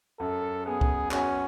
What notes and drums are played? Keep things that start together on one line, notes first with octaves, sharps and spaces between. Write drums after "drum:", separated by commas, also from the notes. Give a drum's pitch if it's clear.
F#2 A4
B3 G#4
drum: kick
C#4 F#4, drum: clap